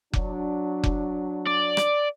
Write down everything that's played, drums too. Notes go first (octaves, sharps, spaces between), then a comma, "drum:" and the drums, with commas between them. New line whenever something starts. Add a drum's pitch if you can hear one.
F#3 D4, drum: kick F1
drum: kick F1
D5
drum: rim click